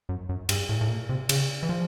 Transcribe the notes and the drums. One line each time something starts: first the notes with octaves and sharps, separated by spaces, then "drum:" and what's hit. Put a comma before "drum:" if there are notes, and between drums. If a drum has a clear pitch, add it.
F#2
F#2
G2, drum: cymbal
A2
A2
A#2
C3
C#3, drum: cymbal
E3
F3